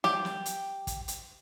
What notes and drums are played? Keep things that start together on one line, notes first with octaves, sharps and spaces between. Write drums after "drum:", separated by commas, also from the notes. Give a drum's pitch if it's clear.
G4, drum: snare
drum: snare
drum: hi-hat
drum: kick, hi-hat
drum: hi-hat